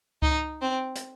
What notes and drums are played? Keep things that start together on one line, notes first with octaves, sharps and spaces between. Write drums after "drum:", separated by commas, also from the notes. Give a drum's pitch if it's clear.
D#4, drum: kick C#2
C4
drum: hi-hat